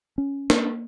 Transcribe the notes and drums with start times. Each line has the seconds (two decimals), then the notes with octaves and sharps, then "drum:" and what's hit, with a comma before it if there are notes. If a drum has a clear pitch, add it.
0.18 C#4
0.50 A#3, drum: snare